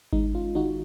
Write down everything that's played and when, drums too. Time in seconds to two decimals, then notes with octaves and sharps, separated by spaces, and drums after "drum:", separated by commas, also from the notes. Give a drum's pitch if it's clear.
0.13 G#3 D#4, drum: kick G#1
0.34 C#4 F4
0.55 D#3 D#4 F#4